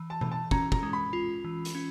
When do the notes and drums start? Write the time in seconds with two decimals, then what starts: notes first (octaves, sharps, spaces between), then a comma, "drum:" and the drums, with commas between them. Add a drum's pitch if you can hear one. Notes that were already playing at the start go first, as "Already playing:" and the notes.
Already playing: E3
0.10 A5
0.21 E3, drum: tom B2
0.32 A5
0.51 C#4 A#5, drum: kick
0.72 A#5, drum: kick
0.83 G#3
0.93 B5
1.13 F4
1.44 E3
1.65 drum: hi-hat
1.75 C#4